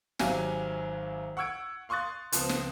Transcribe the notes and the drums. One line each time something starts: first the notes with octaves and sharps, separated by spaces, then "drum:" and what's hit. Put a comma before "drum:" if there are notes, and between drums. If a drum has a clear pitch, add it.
G#1 F#3 G4 E5 F5 G#5, drum: snare
F#5 C#6 E6 G#6 D7
F5 C6 C#6 D#6 F#6 A6
C#2 F3 B3 C4, drum: hi-hat
drum: snare